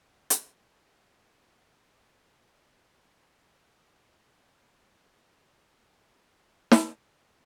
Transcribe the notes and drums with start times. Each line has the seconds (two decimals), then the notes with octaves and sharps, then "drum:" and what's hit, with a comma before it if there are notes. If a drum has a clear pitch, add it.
0.30 drum: hi-hat
0.95 B1 G2 B2 G3 A#3 E4 G4 E7
3.79 C#3 G#3 A3 F#4 C5 D5
3.92 C6 F#6
4.11 C#5
4.29 D#3 F#3 C#5 D#6 B6 D#7
4.98 B3
6.16 G2 E5 A6 A#6
6.71 drum: snare